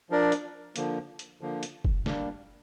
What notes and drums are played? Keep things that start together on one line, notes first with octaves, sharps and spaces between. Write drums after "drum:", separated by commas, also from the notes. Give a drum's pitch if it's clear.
F3 D4 A#4 D5
drum: hi-hat
D3 F3 A#3, drum: hi-hat
drum: hi-hat
D3 F3 A#3
drum: hi-hat
drum: kick F#1
G3 A#3 D4, drum: snare